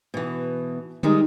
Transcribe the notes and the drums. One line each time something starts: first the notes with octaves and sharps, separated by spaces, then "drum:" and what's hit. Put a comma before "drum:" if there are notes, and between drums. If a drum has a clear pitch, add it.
B2 E3
D#3 G3 G#3 D#4, drum: tom D3